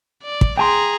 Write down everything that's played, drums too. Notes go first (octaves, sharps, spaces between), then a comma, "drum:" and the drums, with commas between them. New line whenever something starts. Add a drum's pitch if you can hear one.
D5
drum: kick
G#4 G5 G#5 A#5 C6